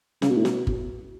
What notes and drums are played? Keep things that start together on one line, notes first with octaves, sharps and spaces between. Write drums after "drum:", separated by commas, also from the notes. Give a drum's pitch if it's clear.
C#3, drum: snare
B2
A2
B2, drum: snare
drum: kick G1